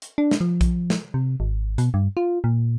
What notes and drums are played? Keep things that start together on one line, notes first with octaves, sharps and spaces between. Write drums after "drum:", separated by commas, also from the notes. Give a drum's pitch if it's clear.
drum: hi-hat
D4
drum: snare
F3
drum: kick A#1, hi-hat
drum: snare
C3
G#1
B2, drum: hi-hat
G2
F4
A#2